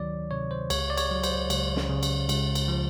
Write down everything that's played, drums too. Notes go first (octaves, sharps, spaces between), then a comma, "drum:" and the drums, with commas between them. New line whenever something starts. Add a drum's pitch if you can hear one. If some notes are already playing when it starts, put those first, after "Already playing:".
Already playing: D2 D#3 F#3 C#5 D5
C3 C#5
C5
C#2 C#5, drum: cymbal
D5
C#5, drum: cymbal
F#3
C5, drum: cymbal
C#2, drum: cymbal
drum: snare
C#3
drum: cymbal
C#2, drum: cymbal
drum: cymbal
F3